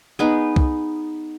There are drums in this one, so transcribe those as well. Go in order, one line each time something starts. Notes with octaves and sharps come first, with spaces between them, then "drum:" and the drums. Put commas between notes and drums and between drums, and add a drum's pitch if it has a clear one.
B3 D#4 G#4 B4
drum: kick